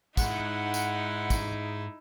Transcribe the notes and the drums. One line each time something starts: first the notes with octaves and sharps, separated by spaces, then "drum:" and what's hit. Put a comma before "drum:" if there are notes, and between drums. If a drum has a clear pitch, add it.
G#2 G#3 D#4 E4 F#5, drum: kick, tambourine
drum: tambourine
drum: kick, tambourine